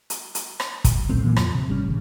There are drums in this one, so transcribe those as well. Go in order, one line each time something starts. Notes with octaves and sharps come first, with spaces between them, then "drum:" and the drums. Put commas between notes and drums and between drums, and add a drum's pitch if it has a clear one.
drum: hi-hat
drum: hi-hat
drum: rim click
drum: kick, hi-hat
D#1 B1 A2 C4
A#2 E3 A#3
F2 F3, drum: rim click
C3
G#1 G3 C#4
A1 C#3